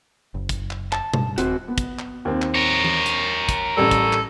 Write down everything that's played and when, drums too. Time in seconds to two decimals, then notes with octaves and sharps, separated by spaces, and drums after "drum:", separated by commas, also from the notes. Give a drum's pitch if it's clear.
0.34 F#1
0.49 drum: kick, hi-hat
0.71 drum: clap
0.92 A5, drum: clap
1.13 G2, drum: tom B2
1.38 D#1 C4 F#4, drum: hi-hat
1.68 B3
1.78 drum: kick, hi-hat
1.99 drum: clap
2.25 D#2 C4
2.42 drum: clap
2.54 A#4 C#5
2.85 drum: tom E3
3.06 drum: hi-hat
3.49 drum: kick, hi-hat
3.77 A1 G3 A4
3.91 drum: kick, hi-hat
4.13 drum: clap